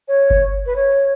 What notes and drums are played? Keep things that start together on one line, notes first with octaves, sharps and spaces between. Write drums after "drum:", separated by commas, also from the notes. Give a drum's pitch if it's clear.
C#5
drum: kick G1
B4
C#5